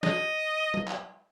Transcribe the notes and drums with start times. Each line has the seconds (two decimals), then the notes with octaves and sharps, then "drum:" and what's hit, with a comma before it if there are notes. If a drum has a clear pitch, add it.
0.03 D#5, drum: snare
0.74 drum: tom F#3
0.87 drum: clap